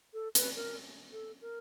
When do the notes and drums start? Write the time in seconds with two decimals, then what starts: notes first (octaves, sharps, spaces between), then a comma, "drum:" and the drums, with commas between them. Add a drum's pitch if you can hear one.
0.14 A4
0.35 B4, drum: hi-hat
0.56 A#4
1.12 A4
1.41 A#4